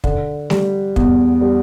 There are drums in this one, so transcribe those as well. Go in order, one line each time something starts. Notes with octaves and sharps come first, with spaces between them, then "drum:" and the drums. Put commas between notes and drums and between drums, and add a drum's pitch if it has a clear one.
D3, drum: kick
G3, drum: snare A3
E2, drum: kick
G3